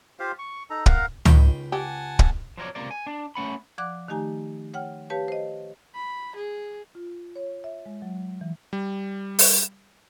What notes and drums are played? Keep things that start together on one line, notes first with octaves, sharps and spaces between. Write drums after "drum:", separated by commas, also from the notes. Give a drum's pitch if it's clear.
F4 G4 C5 F5
C#6
D#4 A4 A#5
A#4 F5 F#5 A#5, drum: kick
C#2 D#3 G5 B5, drum: tom C#2
G4 F#5 G#5 A5
drum: kick
F3 F#3 A#4 C#5 D5
C#2 C3 A#3 D5
G#5
D4
A3 C#4 F#5 B5
F3 D5 F#5 D6 F#6
D#3 A3 D#4 G4 G#5 A#5
C#5 F#5 G5 F6
G4 B4 C#5 F5 A5
C5 D#5
B5
G#4
F4
C#5
E5
G#3
F#3
E3
G3
drum: open hi-hat